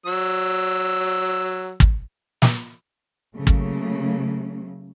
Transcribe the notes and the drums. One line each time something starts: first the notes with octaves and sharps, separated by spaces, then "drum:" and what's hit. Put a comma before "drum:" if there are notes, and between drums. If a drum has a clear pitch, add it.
F#3 E6
drum: kick
drum: snare
C#3 F#3 A3 A#3
drum: kick